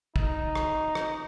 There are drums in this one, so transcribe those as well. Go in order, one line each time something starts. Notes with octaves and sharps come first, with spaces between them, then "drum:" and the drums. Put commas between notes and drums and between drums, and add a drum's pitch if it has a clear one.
D#4, drum: kick
drum: rim click
drum: rim click